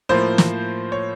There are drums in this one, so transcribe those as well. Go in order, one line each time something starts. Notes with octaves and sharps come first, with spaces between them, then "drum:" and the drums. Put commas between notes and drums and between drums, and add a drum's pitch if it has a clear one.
A2 F3 A#3 C5
drum: snare
C#5